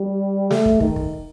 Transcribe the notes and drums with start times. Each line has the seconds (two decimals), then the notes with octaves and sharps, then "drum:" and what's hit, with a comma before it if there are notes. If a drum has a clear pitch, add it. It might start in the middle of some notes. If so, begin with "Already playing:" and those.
Already playing: G3
0.51 A3, drum: snare
0.65 drum: kick
0.80 D#3, drum: kick
0.96 drum: kick